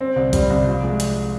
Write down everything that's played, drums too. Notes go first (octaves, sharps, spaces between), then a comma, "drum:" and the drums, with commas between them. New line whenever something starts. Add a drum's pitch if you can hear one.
C4
C2
G3, drum: kick C2, hi-hat
C2
F3
G#3
drum: hi-hat